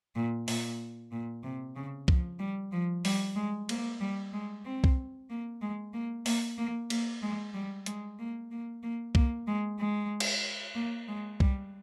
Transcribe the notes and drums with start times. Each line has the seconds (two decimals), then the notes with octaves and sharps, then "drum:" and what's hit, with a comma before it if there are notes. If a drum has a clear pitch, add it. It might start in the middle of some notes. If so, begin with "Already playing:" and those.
0.16 A#2
0.48 A#2, drum: open hi-hat
1.12 A#2
1.43 C3
1.76 C#3
2.08 F3, drum: kick C2
2.39 G3
2.72 F3
3.05 G3, drum: open hi-hat
3.36 G#3
3.69 A#3, drum: cymbal
4.00 G3
4.33 G#3
4.65 C4
4.84 drum: kick C2
5.30 A#3
5.62 G#3
5.94 A#3
6.26 A#3, drum: open hi-hat
6.58 A#3
6.90 A#3, drum: cymbal
7.22 G#3
7.54 G3
7.86 G#3, drum: hi-hat
8.19 A#3
8.51 A#3
8.83 A#3
9.15 A#3, drum: kick C2
9.47 G#3
9.79 G#3
10.20 drum: cymbal
10.75 A#3
11.08 G#3
11.40 G3, drum: kick C2